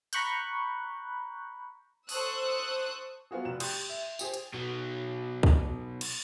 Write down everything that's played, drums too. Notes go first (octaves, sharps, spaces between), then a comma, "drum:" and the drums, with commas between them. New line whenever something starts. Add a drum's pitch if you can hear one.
A#5 B5 C#6 F#6 G6, drum: hi-hat
A4 C5 C#6 D#6 E6 F#6, drum: open hi-hat
F#3 B3 F4 F#4 G#4
F1 F#6 E7
G4 C6 C#6 D#6 F#6 G6, drum: cymbal
E5
G4 G#4 C5, drum: tambourine
drum: hi-hat
B2 F#3
drum: kick B1
drum: cymbal